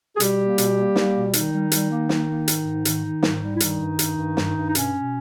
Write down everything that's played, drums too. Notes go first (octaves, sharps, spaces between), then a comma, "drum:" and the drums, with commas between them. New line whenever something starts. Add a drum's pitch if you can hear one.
G#4
B2 G3 G4, drum: hi-hat
A#3
B2, drum: hi-hat
A#3
A#3, drum: snare
B2
D#3 G3 D#4, drum: hi-hat
G3
G3, drum: hi-hat
A#3
A#3, drum: snare
A#3
G#2, drum: hi-hat
G#2
D#3, drum: hi-hat
D#3
G#2, drum: snare
G3
E4
G2 D#3 D#4, drum: hi-hat
G2
G2, drum: hi-hat
G2
G2, drum: snare
G2
D#4
B2 C#4, drum: hi-hat
B2